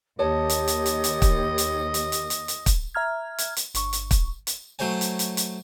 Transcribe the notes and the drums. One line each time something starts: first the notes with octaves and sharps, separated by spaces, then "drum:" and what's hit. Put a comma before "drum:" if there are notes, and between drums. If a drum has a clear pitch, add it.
D#2 G4 C#5 D#5 A5
drum: hi-hat
drum: hi-hat
drum: hi-hat
drum: hi-hat
drum: kick, hi-hat
drum: hi-hat
drum: hi-hat
drum: hi-hat
drum: hi-hat
drum: hi-hat
drum: kick, hi-hat
E5 A#5 F6 G#6
drum: hi-hat
drum: hi-hat
G1 C#6, drum: hi-hat
drum: hi-hat
drum: kick, hi-hat
drum: hi-hat
F#3 A3 C5 C#5 G#5
drum: hi-hat
drum: hi-hat
drum: hi-hat